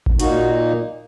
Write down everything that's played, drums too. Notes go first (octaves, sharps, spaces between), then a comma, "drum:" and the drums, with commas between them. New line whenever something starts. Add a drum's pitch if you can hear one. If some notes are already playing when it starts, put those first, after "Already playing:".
drum: kick A1
A#2 A#3 D#4 F#4, drum: hi-hat